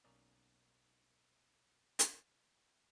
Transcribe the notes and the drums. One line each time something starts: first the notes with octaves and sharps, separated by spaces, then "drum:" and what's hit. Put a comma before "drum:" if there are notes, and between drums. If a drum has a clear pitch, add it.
B1 A#3 C#4 D#4 D5
drum: hi-hat